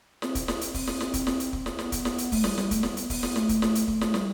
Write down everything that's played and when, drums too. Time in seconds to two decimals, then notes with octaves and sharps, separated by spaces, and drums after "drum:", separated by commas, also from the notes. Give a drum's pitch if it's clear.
0.22 C4, drum: snare
0.35 drum: kick, hi-hat
0.48 drum: snare
0.61 drum: hi-hat
0.74 drum: kick, open hi-hat
0.87 drum: snare
1.00 drum: snare
1.14 drum: kick, hi-hat
1.27 drum: snare
1.40 drum: hi-hat
1.53 drum: kick
1.66 drum: snare
1.79 B3, drum: snare
1.92 drum: kick, hi-hat
2.05 drum: snare
2.18 drum: hi-hat
2.32 A3, drum: kick, open hi-hat
2.44 G3, drum: snare
2.58 G3, drum: snare
2.71 A3, drum: kick, hi-hat
2.83 B3, drum: snare
2.97 drum: hi-hat
3.10 drum: kick, open hi-hat
3.23 drum: snare
3.36 A3, drum: snare
3.49 drum: kick, hi-hat
3.62 drum: snare
3.75 drum: hi-hat
3.88 A3, drum: kick
4.01 drum: snare
4.14 G3, drum: snare